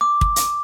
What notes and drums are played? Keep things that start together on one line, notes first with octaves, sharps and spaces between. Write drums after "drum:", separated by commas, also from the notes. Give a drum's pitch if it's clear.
D6
drum: kick
drum: hi-hat